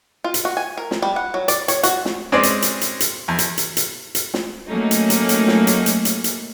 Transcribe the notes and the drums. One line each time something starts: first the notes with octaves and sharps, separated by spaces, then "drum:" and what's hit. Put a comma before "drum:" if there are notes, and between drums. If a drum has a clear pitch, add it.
F4
drum: hi-hat
F#4
G#5
A#4
drum: snare
G3
F#5
F#3
D5, drum: hi-hat
C#5, drum: hi-hat
F#4, drum: hi-hat
drum: snare
G#3 C4 C#4 D5
drum: hi-hat
drum: hi-hat
drum: hi-hat
drum: hi-hat
E2
drum: hi-hat
drum: hi-hat
drum: hi-hat
drum: hi-hat
drum: snare
F#3 A3 A#3 C#4 D#4
drum: hi-hat
drum: hi-hat
drum: hi-hat
drum: snare
drum: hi-hat
drum: hi-hat
drum: hi-hat
drum: hi-hat